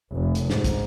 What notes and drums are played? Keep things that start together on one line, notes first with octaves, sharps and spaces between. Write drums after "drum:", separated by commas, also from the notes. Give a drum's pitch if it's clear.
F1
drum: hi-hat
G#2, drum: snare
drum: kick, hi-hat